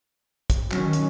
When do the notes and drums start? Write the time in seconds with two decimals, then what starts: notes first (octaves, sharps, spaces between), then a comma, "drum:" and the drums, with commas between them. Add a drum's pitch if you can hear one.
0.50 drum: kick, hi-hat
0.71 D#3 F#3 C#4, drum: clap
0.93 drum: hi-hat